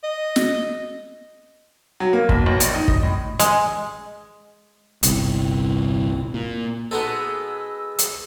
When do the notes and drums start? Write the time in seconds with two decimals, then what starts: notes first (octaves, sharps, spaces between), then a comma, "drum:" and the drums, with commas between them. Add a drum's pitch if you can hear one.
0.03 D#5
0.36 drum: snare
2.00 F#3
2.13 A#3
2.29 B1, drum: kick
2.46 B1
2.60 A#1, drum: hi-hat
2.74 D#4
2.88 D#5, drum: kick
3.03 A2
3.39 G#3, drum: hi-hat
5.03 G1 C2 A#2 C4 E4, drum: hi-hat
6.34 A#2
6.91 G#3 B3 D#4 F#4 A4 E6
7.99 drum: hi-hat